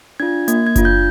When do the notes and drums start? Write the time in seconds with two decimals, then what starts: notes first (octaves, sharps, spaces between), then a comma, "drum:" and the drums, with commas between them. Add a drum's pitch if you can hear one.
0.20 D4 F4 G#6
0.48 A#3 G#6, drum: hi-hat
0.67 G#6
0.76 D4 F4, drum: kick F#1, hi-hat
0.85 G6